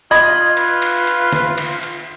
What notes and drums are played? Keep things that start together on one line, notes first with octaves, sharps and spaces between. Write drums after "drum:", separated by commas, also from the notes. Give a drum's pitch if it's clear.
F4 D#5 B5 G#6
B4, drum: cymbal
drum: cymbal
drum: cymbal
drum: snare
drum: cymbal
drum: cymbal